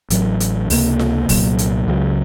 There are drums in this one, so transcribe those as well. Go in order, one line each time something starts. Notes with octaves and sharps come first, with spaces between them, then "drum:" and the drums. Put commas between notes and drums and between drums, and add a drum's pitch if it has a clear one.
A1 A2 F#3, drum: hi-hat
drum: hi-hat
C#2 C3 F#3 A#3, drum: open hi-hat
drum: snare F4
C2 A#2 F#3 A#3, drum: kick, open hi-hat
drum: hi-hat
C#2 C#3 F#3